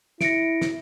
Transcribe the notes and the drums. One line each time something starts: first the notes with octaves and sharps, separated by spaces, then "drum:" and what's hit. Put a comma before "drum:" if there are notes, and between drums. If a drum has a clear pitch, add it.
E4 A#6 C#7 D7, drum: snare
drum: snare